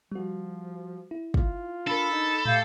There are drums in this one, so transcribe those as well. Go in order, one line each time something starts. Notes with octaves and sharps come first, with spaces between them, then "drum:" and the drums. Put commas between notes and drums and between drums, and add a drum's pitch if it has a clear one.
F3 G3 F#4
E4
F4, drum: kick
D4 A4 A#4 B5
D#4
A3 G4 F5 B5 G6, drum: tom